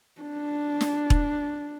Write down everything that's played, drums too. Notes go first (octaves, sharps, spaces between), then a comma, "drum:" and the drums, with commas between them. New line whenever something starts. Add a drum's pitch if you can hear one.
D4
drum: snare
drum: kick E1